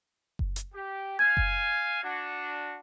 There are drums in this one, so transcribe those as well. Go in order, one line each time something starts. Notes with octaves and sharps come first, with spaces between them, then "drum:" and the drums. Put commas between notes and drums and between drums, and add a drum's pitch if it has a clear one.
drum: kick F#1
drum: hi-hat
G4
F5 G#5 G#6
drum: kick F#1
D4 F#4